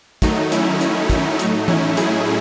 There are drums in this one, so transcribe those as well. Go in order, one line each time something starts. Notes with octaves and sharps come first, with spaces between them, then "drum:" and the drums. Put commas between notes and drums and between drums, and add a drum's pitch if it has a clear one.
D#3 F#3 A3 D#4, drum: kick, hi-hat
C#4 E4, drum: hi-hat
drum: hi-hat
D#4, drum: kick, hi-hat
A2 F#3 A3 D#4, drum: hi-hat
C#4 E4, drum: tom E3
E4 G#4, drum: hi-hat